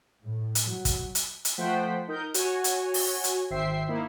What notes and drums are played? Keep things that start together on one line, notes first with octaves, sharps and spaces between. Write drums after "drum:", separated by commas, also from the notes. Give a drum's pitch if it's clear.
A2
drum: hi-hat
F#3
drum: kick, hi-hat
drum: hi-hat
drum: hi-hat
F3 A3 C5 F#5 G5 B6
D#4 A#4 D#6 G6
F#4 C#5 G#5, drum: hi-hat
drum: hi-hat
drum: open hi-hat
drum: hi-hat
G#1 C5 E5 G5 C7
A#3 D#4 E4